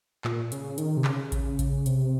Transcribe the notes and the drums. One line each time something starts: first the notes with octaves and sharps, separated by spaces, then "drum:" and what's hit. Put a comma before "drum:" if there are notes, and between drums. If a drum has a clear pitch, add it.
A#2, drum: clap
C#3, drum: hi-hat
D#3, drum: hi-hat
C3
C#3, drum: clap
drum: kick A1, hi-hat
drum: kick A1, hi-hat
C3, drum: hi-hat